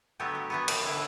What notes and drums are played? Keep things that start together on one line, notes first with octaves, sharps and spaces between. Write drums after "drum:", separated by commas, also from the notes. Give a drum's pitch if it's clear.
D3 F#3 A3 B3 G4
A3
E3 A3 B3
C4, drum: cymbal
D3 E4